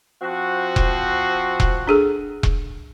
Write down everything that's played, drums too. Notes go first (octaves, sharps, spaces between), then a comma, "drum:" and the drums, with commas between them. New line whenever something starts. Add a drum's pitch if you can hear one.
F3 C4 F#4
drum: kick E1
drum: kick E1
D4 G#4 A4
drum: kick E1